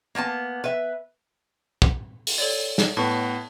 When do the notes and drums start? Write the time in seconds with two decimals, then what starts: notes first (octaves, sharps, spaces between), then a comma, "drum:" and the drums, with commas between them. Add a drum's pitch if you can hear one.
0.15 A#3 B3 G#5 A5
0.64 B4 E5
1.82 drum: kick
2.27 drum: open hi-hat
2.38 A4 C#5 D5
2.78 drum: snare
2.97 A2 B3 A5 C#6